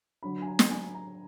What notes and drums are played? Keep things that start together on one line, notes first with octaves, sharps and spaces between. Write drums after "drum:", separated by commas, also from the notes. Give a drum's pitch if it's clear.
D3 F#3 B5
G#5
A#5
drum: snare
G#5
A#5